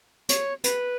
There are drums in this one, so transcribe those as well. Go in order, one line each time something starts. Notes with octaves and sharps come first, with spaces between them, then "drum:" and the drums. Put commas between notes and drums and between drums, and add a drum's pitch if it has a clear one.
C#5, drum: hi-hat
B4, drum: hi-hat